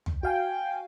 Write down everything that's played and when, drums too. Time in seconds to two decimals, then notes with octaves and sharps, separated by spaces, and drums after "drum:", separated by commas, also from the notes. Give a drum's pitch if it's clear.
0.06 drum: tom
0.23 F#4 F5 G5 G#5